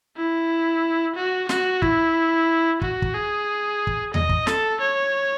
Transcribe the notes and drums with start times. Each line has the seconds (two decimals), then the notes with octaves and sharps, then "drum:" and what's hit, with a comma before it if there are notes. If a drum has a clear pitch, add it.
0.17 E4
1.15 F#4
1.49 F#4, drum: snare
1.82 E4, drum: kick
2.82 F#4, drum: kick
3.02 drum: kick
3.15 G#4
3.87 drum: kick
4.14 D#5, drum: tom E2
4.29 drum: kick
4.47 A4, drum: snare
4.80 C#5